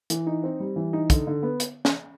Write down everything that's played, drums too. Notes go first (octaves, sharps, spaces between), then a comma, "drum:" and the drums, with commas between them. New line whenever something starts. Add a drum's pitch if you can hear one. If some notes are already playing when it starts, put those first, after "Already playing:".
E3, drum: hi-hat
D#4
C4
G3
E3
D#4
D3, drum: kick, hi-hat
D3
B3
drum: hi-hat
drum: snare